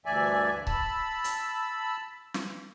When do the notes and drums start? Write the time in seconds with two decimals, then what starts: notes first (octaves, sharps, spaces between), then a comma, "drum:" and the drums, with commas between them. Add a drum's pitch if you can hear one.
0.06 D2 G2 E3 D5 E5 G#5
0.67 A5 B5 E6, drum: kick C#1
1.24 drum: hi-hat
2.34 drum: snare